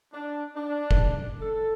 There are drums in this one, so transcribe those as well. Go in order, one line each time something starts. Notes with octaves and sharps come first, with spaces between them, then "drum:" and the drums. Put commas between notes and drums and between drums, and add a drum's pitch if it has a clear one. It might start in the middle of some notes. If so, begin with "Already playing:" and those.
D4
D4
drum: kick
A4